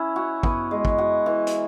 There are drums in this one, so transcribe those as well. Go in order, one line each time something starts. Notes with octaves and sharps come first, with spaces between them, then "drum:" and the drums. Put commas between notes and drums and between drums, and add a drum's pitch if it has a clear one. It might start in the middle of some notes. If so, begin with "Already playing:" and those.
Already playing: C#4 E4
F#4
B3, drum: kick
G#3
drum: kick
F#4
E3
drum: hi-hat